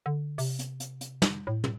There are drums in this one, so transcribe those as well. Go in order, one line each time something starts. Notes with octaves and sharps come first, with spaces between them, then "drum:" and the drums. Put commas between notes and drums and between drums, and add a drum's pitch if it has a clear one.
D3
C3, drum: open hi-hat
drum: hi-hat
drum: hi-hat
drum: hi-hat
drum: snare
A2
drum: tom